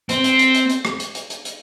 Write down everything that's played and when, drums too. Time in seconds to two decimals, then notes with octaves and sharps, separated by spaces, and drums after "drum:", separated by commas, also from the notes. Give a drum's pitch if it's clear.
0.09 C4, drum: hi-hat
0.24 drum: hi-hat
0.39 drum: hi-hat
0.54 drum: hi-hat
0.70 drum: hi-hat
0.85 drum: rim click
1.00 drum: hi-hat
1.15 drum: hi-hat
1.30 drum: hi-hat
1.45 drum: hi-hat